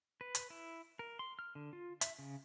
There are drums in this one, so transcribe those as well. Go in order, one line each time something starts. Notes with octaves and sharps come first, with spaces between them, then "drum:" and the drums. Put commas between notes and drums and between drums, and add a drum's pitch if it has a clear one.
B4
drum: hi-hat
E4
A#4
C6
F6
D3
F4
E5, drum: hi-hat
C#3